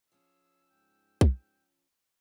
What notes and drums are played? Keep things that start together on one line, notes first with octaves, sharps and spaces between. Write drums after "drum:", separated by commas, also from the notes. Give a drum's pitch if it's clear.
F3 C#4 G#4 E6
G#2 G5
drum: kick